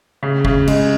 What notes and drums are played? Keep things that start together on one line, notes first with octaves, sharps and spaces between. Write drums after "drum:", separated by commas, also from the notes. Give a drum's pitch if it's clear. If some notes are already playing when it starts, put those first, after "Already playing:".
C#3
C#3, drum: kick
G#3, drum: cymbal